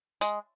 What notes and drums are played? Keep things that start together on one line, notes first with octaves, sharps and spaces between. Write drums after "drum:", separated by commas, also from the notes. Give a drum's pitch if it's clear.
G#3, drum: tambourine